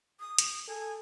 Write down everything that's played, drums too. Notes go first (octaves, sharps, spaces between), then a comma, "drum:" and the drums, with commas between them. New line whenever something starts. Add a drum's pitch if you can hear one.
D#6
drum: hi-hat
A4 G#5